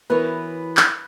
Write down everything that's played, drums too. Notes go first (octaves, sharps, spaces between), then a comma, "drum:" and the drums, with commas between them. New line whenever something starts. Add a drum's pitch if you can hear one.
E3 B3 F#4 A#4 B4 C#5
drum: clap